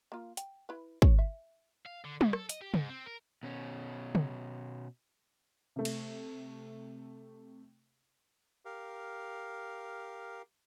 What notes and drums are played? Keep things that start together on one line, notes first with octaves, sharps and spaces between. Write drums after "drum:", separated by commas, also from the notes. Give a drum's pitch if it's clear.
A#3 F4
G5, drum: hi-hat
E4 B4
C#5, drum: kick
E5
F5
D3
C#3, drum: tom
A4, drum: rim click
D#5, drum: hi-hat
G4
G#2, drum: tom
C4
A#4
B2 C#4
drum: tom
C3 A3
drum: cymbal
G4 A#4 F5